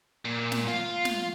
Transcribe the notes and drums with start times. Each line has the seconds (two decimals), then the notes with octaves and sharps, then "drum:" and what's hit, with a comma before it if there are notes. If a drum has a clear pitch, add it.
0.25 A#2
0.52 drum: snare
0.68 F4
1.05 drum: snare